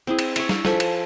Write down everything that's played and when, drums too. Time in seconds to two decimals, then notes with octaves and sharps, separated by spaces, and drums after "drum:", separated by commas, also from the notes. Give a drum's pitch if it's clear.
0.07 C4 E4 G#4
0.19 drum: cymbal
0.36 C#5 E5, drum: cymbal
0.49 drum: snare
0.65 F3 A4 G#5 B5, drum: snare
0.80 drum: cymbal